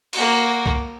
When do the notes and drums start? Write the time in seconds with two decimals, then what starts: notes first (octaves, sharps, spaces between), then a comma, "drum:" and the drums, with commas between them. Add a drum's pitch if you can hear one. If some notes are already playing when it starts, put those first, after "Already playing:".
0.13 A#3 F#4, drum: cymbal
0.66 drum: kick C2